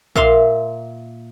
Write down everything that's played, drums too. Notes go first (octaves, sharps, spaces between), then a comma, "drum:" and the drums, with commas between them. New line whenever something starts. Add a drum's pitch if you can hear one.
A#2 E5 F5 C6, drum: kick